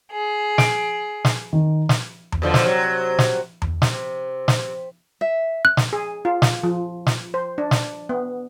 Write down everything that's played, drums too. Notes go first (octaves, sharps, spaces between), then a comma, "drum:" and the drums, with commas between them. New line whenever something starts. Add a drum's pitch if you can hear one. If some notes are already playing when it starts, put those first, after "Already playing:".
G#4
D7, drum: snare
drum: snare
D#3
drum: snare
drum: tom E2
B2 D3 F3
drum: snare
C3 F#3
drum: snare
drum: tom E2
C3, drum: snare
drum: snare
E5
F#6
drum: snare
G#4
F4
drum: snare
F3
drum: snare
C5
D4
drum: snare
B3